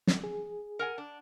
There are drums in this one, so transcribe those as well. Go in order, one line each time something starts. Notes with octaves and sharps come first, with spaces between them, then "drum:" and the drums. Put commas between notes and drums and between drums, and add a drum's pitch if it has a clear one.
drum: snare
G#4
A#4 F#5 G#5
D4